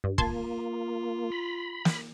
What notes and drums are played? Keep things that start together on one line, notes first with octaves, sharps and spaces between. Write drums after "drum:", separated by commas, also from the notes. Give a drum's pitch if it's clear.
G2
A#3 F4 A5 C6 G#6, drum: kick
B5
drum: snare